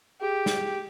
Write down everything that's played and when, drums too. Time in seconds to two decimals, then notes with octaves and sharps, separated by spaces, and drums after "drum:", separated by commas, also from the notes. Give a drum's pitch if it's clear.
0.21 G4 G#4
0.46 drum: snare